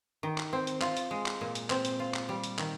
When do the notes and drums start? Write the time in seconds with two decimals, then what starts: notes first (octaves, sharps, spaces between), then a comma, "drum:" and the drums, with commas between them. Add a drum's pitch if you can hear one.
0.23 D#3
0.38 drum: clap
0.53 C4
0.67 drum: hi-hat
0.81 F4, drum: clap
0.97 drum: hi-hat
1.11 G#3
1.26 drum: clap
1.41 A#2
1.55 drum: hi-hat
1.70 C4, drum: clap
1.85 drum: hi-hat
2.00 F4
2.14 drum: clap
2.29 G3
2.44 drum: hi-hat
2.59 D#3, drum: clap